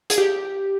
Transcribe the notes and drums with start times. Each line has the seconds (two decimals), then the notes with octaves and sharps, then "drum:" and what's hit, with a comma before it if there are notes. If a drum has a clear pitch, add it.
0.10 G#4, drum: hi-hat
0.18 G4